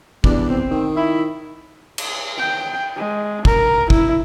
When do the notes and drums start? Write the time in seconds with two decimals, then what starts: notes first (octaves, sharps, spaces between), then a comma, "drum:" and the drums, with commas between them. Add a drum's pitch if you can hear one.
0.24 E2 G3 D4, drum: kick
0.49 C4
0.71 D#3
0.96 E4
1.98 drum: cymbal
2.38 G5
2.96 G#3
3.45 A#4, drum: kick
3.90 E4, drum: kick